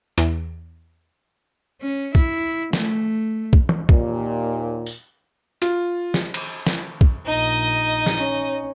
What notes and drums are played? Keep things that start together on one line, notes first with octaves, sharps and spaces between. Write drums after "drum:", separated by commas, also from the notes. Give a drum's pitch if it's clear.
E2, drum: hi-hat
C#4
E4, drum: kick
A3, drum: snare
drum: kick
drum: tom
D#2 A#2, drum: kick
drum: tambourine
F4, drum: hi-hat
drum: snare
drum: cymbal
drum: snare
drum: kick
A#1 D#4 D#5
drum: snare
C#4